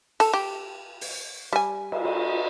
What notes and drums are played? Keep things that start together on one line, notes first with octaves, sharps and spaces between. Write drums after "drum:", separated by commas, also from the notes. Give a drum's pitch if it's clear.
A4, drum: cymbal
G4
drum: open hi-hat
G3 G#5
drum: cymbal
drum: cymbal